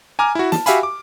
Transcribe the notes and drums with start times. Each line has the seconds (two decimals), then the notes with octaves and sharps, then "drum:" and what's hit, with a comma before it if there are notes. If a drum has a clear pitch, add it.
0.19 G#5 A#5 D6 F6
0.35 E4 F#4
0.52 A5, drum: snare
0.66 F#4 G4 E5 F5 G#5 B5, drum: hi-hat
0.83 D6